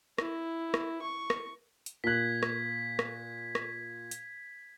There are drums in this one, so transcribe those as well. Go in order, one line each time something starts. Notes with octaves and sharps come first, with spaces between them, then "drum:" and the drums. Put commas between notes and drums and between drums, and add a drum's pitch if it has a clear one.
E4, drum: rim click
drum: rim click
C#6
drum: rim click
drum: hi-hat
A#2 F#6 G#6 B6
drum: rim click
drum: rim click
drum: rim click
drum: hi-hat